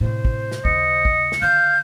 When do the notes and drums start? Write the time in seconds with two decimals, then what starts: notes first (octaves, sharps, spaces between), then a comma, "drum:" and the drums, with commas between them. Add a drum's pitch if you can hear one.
0.01 A2 C3 C5
0.25 drum: kick
0.52 drum: snare
0.65 D#2 C#3 D#5 C#7, drum: kick
1.05 drum: kick
1.32 drum: snare
1.42 D3 D#3 F5 G6